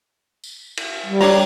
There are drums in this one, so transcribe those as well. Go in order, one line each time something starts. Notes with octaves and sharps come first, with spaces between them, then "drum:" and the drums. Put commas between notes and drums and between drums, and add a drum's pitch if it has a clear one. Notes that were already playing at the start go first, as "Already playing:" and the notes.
drum: tambourine
drum: cymbal
G3
D4 C#5 A#5, drum: open hi-hat